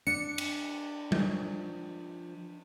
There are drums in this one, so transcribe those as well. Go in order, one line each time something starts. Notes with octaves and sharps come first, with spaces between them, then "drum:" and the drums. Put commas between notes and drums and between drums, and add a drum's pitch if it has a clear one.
D4 C#7
drum: cymbal
F3, drum: tom G3